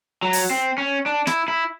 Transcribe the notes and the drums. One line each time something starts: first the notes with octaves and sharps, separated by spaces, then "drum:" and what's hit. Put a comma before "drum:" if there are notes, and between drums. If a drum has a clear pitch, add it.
F#3
drum: open hi-hat
C4
C#4
D4
E4, drum: snare
E4